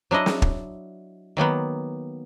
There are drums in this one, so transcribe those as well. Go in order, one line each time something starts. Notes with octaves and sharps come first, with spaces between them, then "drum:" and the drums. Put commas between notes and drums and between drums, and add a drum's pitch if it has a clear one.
F#3 D4 E4 D#5
drum: snare
drum: kick
D#3 F#3 A#3 B3